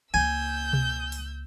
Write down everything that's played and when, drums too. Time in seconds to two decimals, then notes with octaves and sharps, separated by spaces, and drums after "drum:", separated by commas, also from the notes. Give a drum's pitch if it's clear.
0.14 C#2 A#3 G#5 E6 G6
0.73 drum: tom B2
1.12 drum: open hi-hat